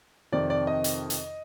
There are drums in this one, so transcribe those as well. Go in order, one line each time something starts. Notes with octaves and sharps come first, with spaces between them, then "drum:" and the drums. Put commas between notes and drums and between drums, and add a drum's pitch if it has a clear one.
F2 C3 D#3 D5
D5
D#5
drum: hi-hat
drum: hi-hat